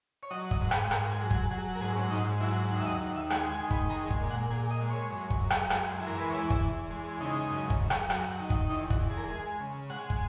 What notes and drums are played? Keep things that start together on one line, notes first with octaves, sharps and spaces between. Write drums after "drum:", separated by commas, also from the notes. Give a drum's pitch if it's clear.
C#5
F#3 D#5
D#5, drum: kick
G#2
B4, drum: rim click
G#2 A#4, drum: rim click
G#4
F#3
G#4, drum: kick
F#3 G#4
A#4
G#2 G#4
C#4
G#2 D#4
F#3 E4
D#2
E5
D#5
D#2
E5
G#3 F#5, drum: rim click
G#5
D#3
B5, drum: kick
G#3 A#5
drum: kick
A#2
F#5
A#2 G#4
D#5
G#3
C#5
F#2
drum: kick
F#2
drum: rim click
G#3, drum: rim click
E3
A#4
B4
E2 C#5
drum: kick
E2
G#3
C#3 D#4
F#2
drum: kick
F#2
drum: rim click
F#3, drum: rim click
D#3
drum: kick
E2 D#4
F#4, drum: kick
E2
G#4
A#4
G#3 G#4
C#3
G#3 F#5
drum: kick